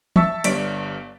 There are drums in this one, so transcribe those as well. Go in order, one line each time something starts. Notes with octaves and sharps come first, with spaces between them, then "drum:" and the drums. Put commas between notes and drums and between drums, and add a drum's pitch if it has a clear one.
E5 A5 C#6 E6 A6 B6, drum: tom
G1 G2 C#5 D5 B6 D7, drum: hi-hat